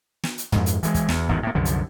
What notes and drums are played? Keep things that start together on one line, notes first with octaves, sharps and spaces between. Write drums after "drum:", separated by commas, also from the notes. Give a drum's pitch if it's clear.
drum: snare
drum: hi-hat
F2 G#2, drum: tom
drum: hi-hat
E3 F#3 G#3, drum: hi-hat
drum: kick, hi-hat
E2, drum: snare
G#1 E2 G2 D#3
A2 A#3
C2 F#2 D3 F3
drum: hi-hat